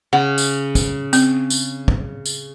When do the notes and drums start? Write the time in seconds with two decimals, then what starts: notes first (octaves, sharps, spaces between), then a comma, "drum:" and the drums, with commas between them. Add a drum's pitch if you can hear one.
0.13 C#3 F#5
0.38 drum: tambourine
0.75 drum: kick, tambourine
1.13 C4, drum: tambourine
1.50 drum: tambourine
1.88 drum: kick
2.26 drum: tambourine